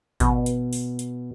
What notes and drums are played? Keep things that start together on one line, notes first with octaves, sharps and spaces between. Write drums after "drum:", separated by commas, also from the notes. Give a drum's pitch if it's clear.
B2, drum: kick G#1, hi-hat
drum: hi-hat
drum: open hi-hat
drum: hi-hat